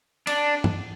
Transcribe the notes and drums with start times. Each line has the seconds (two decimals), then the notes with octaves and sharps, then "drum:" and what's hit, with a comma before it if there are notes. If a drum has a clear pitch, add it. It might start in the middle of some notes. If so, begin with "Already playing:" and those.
0.27 D4, drum: cymbal
0.64 drum: tom G2